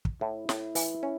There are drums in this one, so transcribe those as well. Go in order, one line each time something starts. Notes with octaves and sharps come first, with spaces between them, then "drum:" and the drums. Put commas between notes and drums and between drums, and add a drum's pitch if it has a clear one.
drum: kick
A2 E4
A2, drum: snare
E3, drum: open hi-hat
C#4